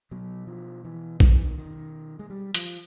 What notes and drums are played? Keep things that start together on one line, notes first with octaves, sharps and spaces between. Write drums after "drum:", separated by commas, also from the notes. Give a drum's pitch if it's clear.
B2 F#3
F3
E3
D#3, drum: kick
E3
D#3
D#3
G#3
G3
F3, drum: hi-hat